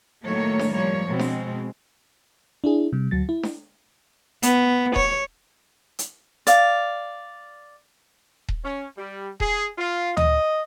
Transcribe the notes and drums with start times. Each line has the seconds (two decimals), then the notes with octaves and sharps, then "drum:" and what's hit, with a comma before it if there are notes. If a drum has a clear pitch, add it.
0.23 A2 D#3 F#3 A3 A#3 C#5
0.59 drum: snare D4
0.74 F3 G3 A#3 C#5
1.09 B2 G#3 C4
1.19 drum: snare D4
2.64 D4 E4 G#4
2.93 C3 G3
3.11 D2 F#3 A6
3.29 E4
3.43 drum: snare D4
4.43 B3, drum: hi-hat
4.96 C#5, drum: kick D#1
5.99 drum: hi-hat
6.47 D5 F5, drum: hi-hat
8.48 drum: kick D#1
8.64 C#4
8.98 G3
9.40 G#4, drum: kick D#1
9.78 F4
10.17 D#5, drum: tom D2